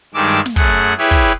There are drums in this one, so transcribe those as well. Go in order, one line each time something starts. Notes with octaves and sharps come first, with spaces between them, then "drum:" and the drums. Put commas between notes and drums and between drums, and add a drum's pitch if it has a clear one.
G2 D#3 G3 G#3 D6 E6
drum: snare
F#2 A3 G#4 F#5, drum: kick
E4 G4 G#4 B4 C#5 E5
drum: kick